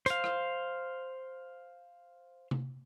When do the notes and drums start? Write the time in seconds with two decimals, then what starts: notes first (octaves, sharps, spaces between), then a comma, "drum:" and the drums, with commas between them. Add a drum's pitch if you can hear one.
0.06 C5 F5, drum: hi-hat
0.24 drum: rim click
2.51 drum: tom C3